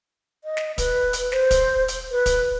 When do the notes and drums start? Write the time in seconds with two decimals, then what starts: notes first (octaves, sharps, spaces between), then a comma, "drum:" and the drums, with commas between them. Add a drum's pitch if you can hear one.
0.44 D#5
0.57 drum: snare
0.78 B4, drum: kick, hi-hat
1.13 drum: hi-hat
1.32 C5, drum: snare
1.51 drum: kick, hi-hat
1.88 drum: hi-hat
2.11 B4
2.26 drum: kick, hi-hat